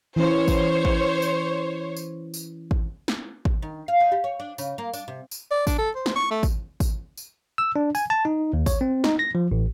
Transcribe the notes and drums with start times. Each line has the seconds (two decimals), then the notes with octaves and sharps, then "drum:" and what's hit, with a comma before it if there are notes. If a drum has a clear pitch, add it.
0.16 E3 C#4 C5 C#5
0.48 drum: kick G#1, tambourine
0.85 drum: kick G#1
1.22 drum: tambourine
1.96 drum: tambourine
2.34 drum: tambourine
2.71 drum: kick G#1
3.08 drum: snare
3.45 drum: kick G#1
3.62 D#3
3.88 F5
4.00 D#4
4.12 G4
4.24 C#5
4.40 D4
4.58 C#3, drum: tambourine
4.78 A#3
4.93 D4, drum: tambourine
5.08 C3
5.31 drum: tambourine
5.51 D5
5.67 D4, drum: kick G#1, tambourine
5.78 A4
5.95 C5
6.06 drum: snare
6.16 C#6
6.31 A3
6.43 drum: kick G#1, tambourine
6.80 drum: kick G#1, tambourine
7.17 drum: tambourine
7.58 E6
7.76 D4
7.95 G#5, drum: tambourine
8.10 A5
8.25 D#4
8.53 D#2
8.66 C#5, drum: kick G#1, tambourine
8.81 C4
9.04 D#4, drum: snare
9.19 A#6
9.35 F3
9.51 A1